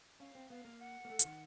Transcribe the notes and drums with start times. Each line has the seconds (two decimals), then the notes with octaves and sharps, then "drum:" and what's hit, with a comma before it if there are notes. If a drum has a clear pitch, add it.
0.20 C#4 F5
0.35 C4
0.50 B3 F5
0.65 A#3
0.80 F#5
1.05 A#3
1.10 A3
1.19 E3, drum: hi-hat
1.24 D#3